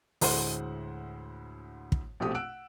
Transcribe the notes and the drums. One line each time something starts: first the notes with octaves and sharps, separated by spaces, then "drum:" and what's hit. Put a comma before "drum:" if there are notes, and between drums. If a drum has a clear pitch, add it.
D2 A2 G#3 C5 F#5 C6, drum: open hi-hat
drum: kick
A#1 B2 A3 C4 G4 D#6
F#5 E6 F#6 D7